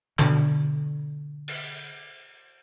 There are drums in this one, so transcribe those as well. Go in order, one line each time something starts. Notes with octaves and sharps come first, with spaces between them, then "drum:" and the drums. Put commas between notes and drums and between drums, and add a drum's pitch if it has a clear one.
B2 D3, drum: clap
drum: cymbal